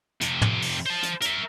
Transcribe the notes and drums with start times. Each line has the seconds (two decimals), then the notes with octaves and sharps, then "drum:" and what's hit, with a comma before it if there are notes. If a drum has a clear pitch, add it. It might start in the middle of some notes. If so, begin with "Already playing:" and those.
0.21 F2 C3, drum: hi-hat
0.42 drum: tom
0.62 drum: open hi-hat
0.86 C5 A5
1.03 drum: hi-hat
1.21 A#4 E5, drum: hi-hat